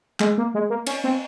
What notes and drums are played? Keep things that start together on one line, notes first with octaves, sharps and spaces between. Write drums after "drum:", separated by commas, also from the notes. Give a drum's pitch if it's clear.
G#3, drum: clap
A#3
G#3
A#3
C#4, drum: cymbal
C4